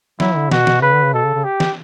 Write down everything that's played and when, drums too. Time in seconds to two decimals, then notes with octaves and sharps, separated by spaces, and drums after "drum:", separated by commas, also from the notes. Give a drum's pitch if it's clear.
0.20 F#3 E4, drum: snare
0.36 D3
0.51 B2 F#4, drum: snare
0.67 B2, drum: snare
0.82 C#3 B4
0.93 D3
1.03 C#3
1.13 B2 A4
1.24 C#3
1.34 C#3
1.44 G4
1.60 drum: snare